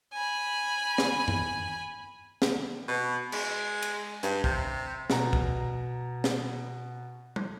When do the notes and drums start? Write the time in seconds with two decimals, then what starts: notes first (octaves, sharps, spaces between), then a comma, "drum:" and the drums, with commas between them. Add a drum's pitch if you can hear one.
0.13 G#5 B5
0.98 drum: snare
1.28 drum: tom F#2
2.42 drum: snare
2.88 B2
3.32 G#3, drum: cymbal
3.82 drum: cymbal
4.23 G2, drum: hi-hat
4.44 C3, drum: kick
5.10 B2 A#5, drum: snare
5.33 drum: kick
6.24 drum: snare
7.36 drum: tom